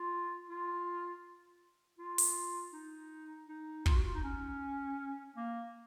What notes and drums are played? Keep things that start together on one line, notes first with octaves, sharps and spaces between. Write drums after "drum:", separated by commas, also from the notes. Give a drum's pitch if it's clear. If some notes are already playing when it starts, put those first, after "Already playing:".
Already playing: F4
F4
F4
drum: open hi-hat
D#4
D#4
F4, drum: kick
F#4
F4
D#4
C#4
A#3